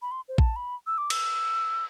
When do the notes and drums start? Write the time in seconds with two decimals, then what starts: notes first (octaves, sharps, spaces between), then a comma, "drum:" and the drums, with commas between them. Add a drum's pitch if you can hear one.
0.02 B5
0.11 C6
0.28 C5
0.38 A5, drum: kick
0.56 B5
0.87 E6
0.98 D6
1.10 E6, drum: cymbal